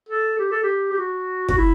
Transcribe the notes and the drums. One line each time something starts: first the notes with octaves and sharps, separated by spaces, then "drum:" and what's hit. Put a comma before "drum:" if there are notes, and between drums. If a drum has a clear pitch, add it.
A4
G4
A4
G4
G4
F#4
F#4, drum: kick
E4